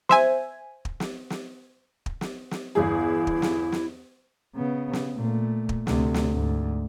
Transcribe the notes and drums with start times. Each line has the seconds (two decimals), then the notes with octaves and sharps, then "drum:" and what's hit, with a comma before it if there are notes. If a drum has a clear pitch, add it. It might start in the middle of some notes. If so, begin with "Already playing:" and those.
0.09 C5 E5 G#5, drum: snare
0.85 drum: kick
1.00 drum: snare
1.30 drum: snare
2.06 drum: kick
2.21 drum: snare
2.51 drum: snare
2.75 G1 E2 E4 G#4
3.27 drum: kick
3.42 drum: snare
3.72 drum: snare
4.56 C#3 B3
4.93 drum: snare
5.17 A#2 A3
5.69 drum: kick
5.87 D2 C3, drum: snare
6.14 drum: snare
6.33 D2 G#2